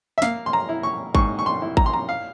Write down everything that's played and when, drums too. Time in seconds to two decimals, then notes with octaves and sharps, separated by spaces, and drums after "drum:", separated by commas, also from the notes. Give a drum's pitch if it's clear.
0.18 E5
0.22 A#3 F5, drum: snare
0.46 C6
0.53 A#5
0.69 E4
0.83 C#6
1.15 G#2 C#6, drum: kick G#1
1.39 C#6
1.46 C6
1.62 E4
1.77 A#5, drum: kick G#1
1.86 C6
1.93 A#5
2.09 F5